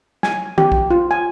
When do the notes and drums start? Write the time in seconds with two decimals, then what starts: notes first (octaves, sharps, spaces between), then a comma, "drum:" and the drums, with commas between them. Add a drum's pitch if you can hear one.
0.23 G#5, drum: snare
0.58 G4, drum: tom
0.72 drum: kick
0.91 F4
1.11 G#5